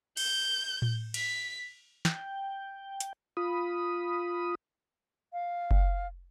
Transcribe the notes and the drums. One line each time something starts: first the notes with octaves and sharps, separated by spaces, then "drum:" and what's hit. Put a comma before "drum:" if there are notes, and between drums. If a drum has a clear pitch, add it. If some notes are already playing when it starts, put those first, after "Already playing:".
G6, drum: cymbal
drum: tom A2
B6, drum: cymbal
G5, drum: snare
drum: hi-hat
F4 B5 D#6
F5
drum: kick F#1